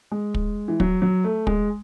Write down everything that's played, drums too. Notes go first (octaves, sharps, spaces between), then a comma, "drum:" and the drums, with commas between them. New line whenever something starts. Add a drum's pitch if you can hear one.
G#3
drum: kick
E3
F#3, drum: kick
F#3
A3
G#3, drum: kick